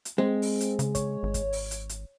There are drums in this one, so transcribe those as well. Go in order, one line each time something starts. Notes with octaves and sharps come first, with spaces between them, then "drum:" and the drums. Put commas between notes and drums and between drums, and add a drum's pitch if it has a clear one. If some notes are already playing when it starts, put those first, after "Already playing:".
drum: hi-hat
G#3 C4
drum: open hi-hat
drum: hi-hat
C#3, drum: hi-hat
C#5, drum: kick, hi-hat
G#1
drum: kick, hi-hat
drum: open hi-hat
drum: hi-hat
drum: hi-hat